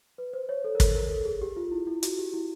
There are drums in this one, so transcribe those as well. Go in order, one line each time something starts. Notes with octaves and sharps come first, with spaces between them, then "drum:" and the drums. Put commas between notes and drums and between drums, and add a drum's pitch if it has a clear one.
B4
C5
C#5
A4
A#4
A4, drum: kick, hi-hat
A#4
A4
G#4
G4
F4
E4
E4
F#4, drum: hi-hat
G4
E4